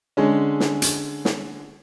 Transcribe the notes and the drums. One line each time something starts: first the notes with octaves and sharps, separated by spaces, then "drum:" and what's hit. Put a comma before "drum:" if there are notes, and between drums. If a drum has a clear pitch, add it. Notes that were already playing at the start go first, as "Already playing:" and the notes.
D3 G#3 C#4
drum: snare
drum: hi-hat
drum: snare